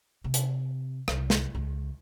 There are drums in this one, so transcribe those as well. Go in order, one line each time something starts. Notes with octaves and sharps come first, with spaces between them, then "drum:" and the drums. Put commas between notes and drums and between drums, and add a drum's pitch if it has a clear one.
C3
drum: hi-hat
C2, drum: rim click
drum: snare
C#2